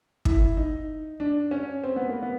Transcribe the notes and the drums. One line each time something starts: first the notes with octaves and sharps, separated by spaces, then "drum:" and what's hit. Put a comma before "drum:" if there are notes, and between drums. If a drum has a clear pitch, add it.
E4, drum: kick
D#4
D4
C#4
C4
B3
A#3
B3